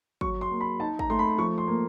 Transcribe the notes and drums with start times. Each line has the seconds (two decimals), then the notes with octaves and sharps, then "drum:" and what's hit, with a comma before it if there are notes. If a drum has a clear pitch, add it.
0.21 F#3 C#6, drum: kick
0.41 C6
0.51 A#3
0.61 B5
0.80 D#4 A5
0.99 A#5, drum: kick
1.10 A3 C6
1.19 B5
1.38 F3 C#6
1.58 C6
1.68 A#3